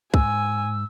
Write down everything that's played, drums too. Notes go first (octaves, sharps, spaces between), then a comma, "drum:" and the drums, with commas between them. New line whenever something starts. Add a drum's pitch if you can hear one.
G#2 G#5 E6, drum: kick